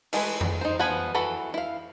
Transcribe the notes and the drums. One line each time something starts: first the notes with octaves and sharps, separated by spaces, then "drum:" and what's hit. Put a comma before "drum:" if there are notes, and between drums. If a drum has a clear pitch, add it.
E3 G#3 A3 B4, drum: cymbal
drum: tom F2
D#4 C5
F3 B3 B4 G#5 B5
E3 F#4 A4 B5
E4 F5